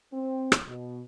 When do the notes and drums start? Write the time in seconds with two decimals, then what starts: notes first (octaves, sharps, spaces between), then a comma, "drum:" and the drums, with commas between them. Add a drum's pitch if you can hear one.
0.13 C4
0.52 drum: rim click
0.67 B2